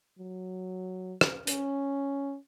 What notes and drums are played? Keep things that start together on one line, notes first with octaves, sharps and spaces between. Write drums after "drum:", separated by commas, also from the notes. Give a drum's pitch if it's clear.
F#3
drum: rim click
C#4, drum: hi-hat